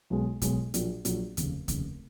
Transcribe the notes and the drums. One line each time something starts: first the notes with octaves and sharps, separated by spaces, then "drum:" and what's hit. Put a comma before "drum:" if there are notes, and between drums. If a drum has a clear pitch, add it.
B1 B2 G#3
B1 B2 G#3, drum: kick, hi-hat
A#1 A#2 F#3, drum: hi-hat
A#1 A#2 F#3, drum: hi-hat
F1 D#2 C#3, drum: hi-hat
F1 D#2 C#3, drum: kick, hi-hat